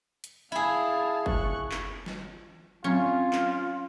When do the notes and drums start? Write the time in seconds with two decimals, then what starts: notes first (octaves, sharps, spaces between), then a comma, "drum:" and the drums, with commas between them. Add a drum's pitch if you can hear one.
0.24 drum: hi-hat
0.52 E4 G#4 F5 A5
1.26 C#6 F#6, drum: kick F#1
1.71 drum: clap
2.06 drum: snare
2.84 F#3 C4 C#4 F4
3.33 drum: clap